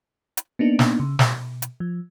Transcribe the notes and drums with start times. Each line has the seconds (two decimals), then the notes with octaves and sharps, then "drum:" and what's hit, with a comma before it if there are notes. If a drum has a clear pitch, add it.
0.37 drum: hi-hat
0.59 A#3 B3 D4 D#4
0.79 drum: snare
1.00 C#3
1.19 B2, drum: snare
1.62 drum: hi-hat
1.80 F3